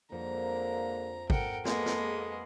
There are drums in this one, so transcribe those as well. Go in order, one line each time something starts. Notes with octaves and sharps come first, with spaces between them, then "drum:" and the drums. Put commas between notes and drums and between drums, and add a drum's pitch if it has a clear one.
F2 D3 G#3 A#3 A#5
A4 A#4 F#5 G5, drum: kick
B2 G#3 A#3 B3 G#4 A4 D#5, drum: snare
drum: snare